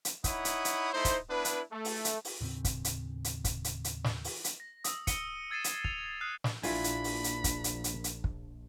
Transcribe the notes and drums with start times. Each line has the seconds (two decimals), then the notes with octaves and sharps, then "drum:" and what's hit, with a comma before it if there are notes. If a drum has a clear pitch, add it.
0.05 drum: hi-hat
0.24 D#4 E4 C#5 F#5 B5 D#6, drum: kick, hi-hat
0.45 drum: hi-hat
0.65 drum: hi-hat
0.93 A3 D#4 E4 C5
1.05 drum: kick, hi-hat
1.29 B3 D4 E4 B4
1.45 drum: hi-hat
1.72 A3
1.85 drum: open hi-hat
2.05 drum: hi-hat
2.25 drum: open hi-hat
2.41 D#2 A2 C#3 C4
2.65 drum: kick, hi-hat
2.85 drum: hi-hat
3.24 drum: hi-hat
3.44 drum: kick, hi-hat
3.64 drum: hi-hat
3.84 drum: hi-hat
4.04 drum: snare
4.24 drum: open hi-hat
4.44 drum: hi-hat
4.60 A#6
4.84 D#6 E6, drum: hi-hat
5.07 C#7 D#7 G7, drum: kick, hi-hat
5.50 E6 G#6 A6 C7 D#7 E7
5.64 drum: hi-hat
5.84 F7, drum: kick
6.21 D#6 F6 F#6 C7
6.44 drum: snare
6.63 A#1 D4 E4 F4 G#5 B5, drum: open hi-hat
6.84 drum: hi-hat
7.04 drum: open hi-hat
7.24 drum: hi-hat
7.44 drum: kick, hi-hat
7.64 drum: hi-hat
7.84 drum: hi-hat
8.04 drum: hi-hat
8.24 drum: kick